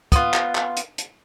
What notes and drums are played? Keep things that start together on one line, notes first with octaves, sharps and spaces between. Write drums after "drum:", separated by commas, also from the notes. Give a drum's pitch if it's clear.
B3 F4, drum: kick, hi-hat
drum: clap
drum: clap
drum: hi-hat
drum: hi-hat